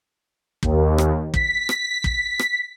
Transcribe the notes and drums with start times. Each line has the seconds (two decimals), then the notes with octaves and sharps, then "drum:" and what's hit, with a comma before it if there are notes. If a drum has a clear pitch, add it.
0.63 D#2, drum: kick
0.98 drum: rim click
1.34 B6, drum: kick
1.69 drum: rim click
2.04 drum: kick
2.39 drum: rim click